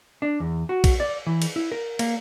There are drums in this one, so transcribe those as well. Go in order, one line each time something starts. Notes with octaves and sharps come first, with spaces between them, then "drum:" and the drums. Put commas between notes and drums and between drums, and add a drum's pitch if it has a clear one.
D4
E2
F#4
drum: kick, cymbal
D5
E3
drum: cymbal
E4
A#4
A#3, drum: cymbal